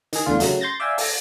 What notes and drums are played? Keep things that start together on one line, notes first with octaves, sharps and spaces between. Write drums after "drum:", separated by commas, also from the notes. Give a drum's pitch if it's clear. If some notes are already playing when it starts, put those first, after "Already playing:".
D#3 G#4, drum: hi-hat
E2 A2 D3 F4
C#3 F#3 A3, drum: hi-hat
C6 G6 A6 A#6
D5 E5 F5 G5 G#5
A4 A#6, drum: open hi-hat